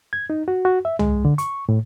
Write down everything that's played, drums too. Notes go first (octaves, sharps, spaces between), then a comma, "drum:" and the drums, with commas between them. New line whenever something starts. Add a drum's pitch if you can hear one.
G#6
D#4
F#4
F#4
E5
G#3, drum: tom
D3
C#6, drum: hi-hat
A2